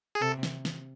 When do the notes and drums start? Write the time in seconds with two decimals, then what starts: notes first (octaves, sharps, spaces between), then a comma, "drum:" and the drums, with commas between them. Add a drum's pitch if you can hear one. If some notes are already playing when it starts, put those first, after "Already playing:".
0.15 G#4
0.21 C3 A4
0.43 drum: snare
0.65 drum: snare